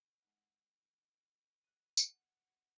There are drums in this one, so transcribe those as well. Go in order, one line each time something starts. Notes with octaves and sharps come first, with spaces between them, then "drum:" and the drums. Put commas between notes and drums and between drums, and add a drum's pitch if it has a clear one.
G#3 D#4 F#5
F#6 D#7
F#5, drum: tambourine